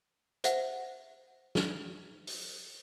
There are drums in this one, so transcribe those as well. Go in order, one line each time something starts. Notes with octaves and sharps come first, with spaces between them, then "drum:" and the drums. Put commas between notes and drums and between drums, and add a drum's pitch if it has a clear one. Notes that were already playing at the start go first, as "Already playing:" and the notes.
C5 E5 F#5, drum: hi-hat
drum: snare
drum: open hi-hat